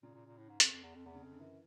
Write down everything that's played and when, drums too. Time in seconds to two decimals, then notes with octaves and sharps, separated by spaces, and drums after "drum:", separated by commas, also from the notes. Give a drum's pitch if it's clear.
0.03 A#2 C#3
0.14 A#2
0.26 A#2
0.37 A2
0.49 G#2
0.60 F2, drum: hi-hat
0.72 F2
0.83 E2
0.95 F2
1.06 E2 C3
1.15 C#3
1.23 F2 C3
1.31 D3
1.40 F#2 E3